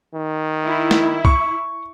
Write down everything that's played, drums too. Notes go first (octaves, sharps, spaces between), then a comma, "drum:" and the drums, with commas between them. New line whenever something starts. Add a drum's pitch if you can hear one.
D#3
E4
drum: snare
C#6, drum: kick C2